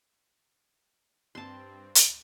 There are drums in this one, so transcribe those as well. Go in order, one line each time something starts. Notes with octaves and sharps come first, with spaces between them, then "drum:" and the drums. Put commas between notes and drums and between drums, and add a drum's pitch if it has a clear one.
G2 C4 A5 C6
drum: hi-hat